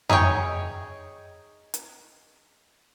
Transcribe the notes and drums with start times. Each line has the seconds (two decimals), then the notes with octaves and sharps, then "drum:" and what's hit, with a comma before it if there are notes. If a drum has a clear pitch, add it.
0.09 D#4 G#4 A#4 C#5 G5, drum: tom F2
1.74 drum: hi-hat